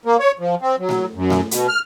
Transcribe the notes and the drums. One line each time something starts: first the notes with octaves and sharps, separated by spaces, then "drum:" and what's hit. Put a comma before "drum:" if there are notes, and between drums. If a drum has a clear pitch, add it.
A#3
C#5
F3
C4
F#3
drum: snare A3
F#2
drum: snare A3
B2, drum: hi-hat
F6